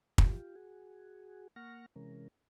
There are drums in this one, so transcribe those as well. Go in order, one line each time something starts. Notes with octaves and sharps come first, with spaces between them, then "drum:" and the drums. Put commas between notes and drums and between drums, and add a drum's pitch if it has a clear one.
F4 G4, drum: kick
F#4 G#4
A#3 F#5 C#6 F6 A#6
C3 E3 G#3 C#4 A#4